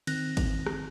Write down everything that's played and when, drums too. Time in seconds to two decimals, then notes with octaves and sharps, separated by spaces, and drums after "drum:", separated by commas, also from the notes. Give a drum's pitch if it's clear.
0.07 D#3 C4 F#6 A#6, drum: cymbal
0.37 drum: kick G#1, cymbal
0.66 drum: rim click